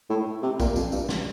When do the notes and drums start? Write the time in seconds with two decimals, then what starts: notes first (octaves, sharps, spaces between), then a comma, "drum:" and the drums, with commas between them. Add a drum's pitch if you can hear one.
0.10 A2
0.43 C3
0.60 A#2, drum: kick A#1, tambourine
0.76 F2, drum: tambourine
0.92 G2, drum: tambourine
1.09 drum: snare